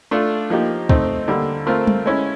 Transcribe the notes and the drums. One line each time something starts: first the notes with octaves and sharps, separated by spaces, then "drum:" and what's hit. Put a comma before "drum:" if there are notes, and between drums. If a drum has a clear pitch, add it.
A3 D4 F4 A4
F3 A#3 D#4 G4
A3 C4 D#4, drum: kick
D3 G3 A#3
A3 C4 F4 A#4
drum: tom
G#3 C#4 E4